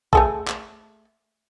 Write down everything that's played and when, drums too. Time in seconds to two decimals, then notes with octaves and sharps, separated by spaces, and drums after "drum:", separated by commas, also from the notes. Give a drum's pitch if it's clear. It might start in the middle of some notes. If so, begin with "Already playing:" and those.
0.13 A3 G#4 A4, drum: kick
0.48 drum: clap